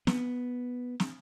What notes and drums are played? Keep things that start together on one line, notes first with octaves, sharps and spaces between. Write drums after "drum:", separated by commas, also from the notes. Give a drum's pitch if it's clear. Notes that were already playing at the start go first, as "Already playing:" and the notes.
B3, drum: snare
drum: snare